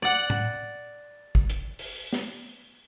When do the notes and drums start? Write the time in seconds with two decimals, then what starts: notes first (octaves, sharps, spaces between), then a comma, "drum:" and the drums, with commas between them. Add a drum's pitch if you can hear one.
0.02 D5 F#5
0.30 drum: tom
1.35 drum: kick
1.50 drum: hi-hat
1.79 drum: open hi-hat
2.13 drum: snare